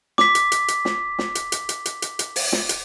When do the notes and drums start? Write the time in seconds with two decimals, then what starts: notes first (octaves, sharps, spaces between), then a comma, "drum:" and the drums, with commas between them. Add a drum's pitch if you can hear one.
0.18 D6 B6, drum: snare
0.35 drum: hi-hat
0.52 drum: hi-hat
0.68 drum: hi-hat
0.85 drum: snare
1.19 drum: snare
1.35 drum: hi-hat
1.52 drum: hi-hat
1.69 drum: hi-hat
1.85 drum: hi-hat
2.02 drum: hi-hat
2.19 drum: hi-hat
2.36 drum: open hi-hat
2.52 drum: snare
2.69 drum: hi-hat